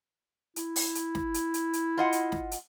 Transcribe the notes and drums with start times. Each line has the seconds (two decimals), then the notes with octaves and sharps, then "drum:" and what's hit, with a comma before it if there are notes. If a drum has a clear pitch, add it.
0.56 E4, drum: hi-hat
0.76 drum: open hi-hat
0.95 drum: hi-hat
1.15 drum: snare
1.34 drum: hi-hat
1.54 drum: hi-hat
1.73 drum: hi-hat
1.98 F4 D#5 F#5
2.12 drum: hi-hat
2.32 drum: snare
2.51 drum: hi-hat